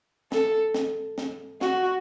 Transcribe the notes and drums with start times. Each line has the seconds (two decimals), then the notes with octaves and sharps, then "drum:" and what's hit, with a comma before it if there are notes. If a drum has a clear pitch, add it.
0.32 A4, drum: snare
0.74 drum: snare
1.18 drum: snare
1.61 F#4, drum: snare